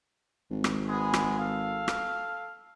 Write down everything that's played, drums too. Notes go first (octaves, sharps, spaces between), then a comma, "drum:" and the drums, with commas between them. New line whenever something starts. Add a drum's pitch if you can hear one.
G#1
drum: rim click
G#3 B3 G#4
drum: rim click
A4 F5
drum: rim click